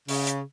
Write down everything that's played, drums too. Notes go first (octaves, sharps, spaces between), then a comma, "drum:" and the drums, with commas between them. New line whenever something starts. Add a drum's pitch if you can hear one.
C#3, drum: open hi-hat
drum: hi-hat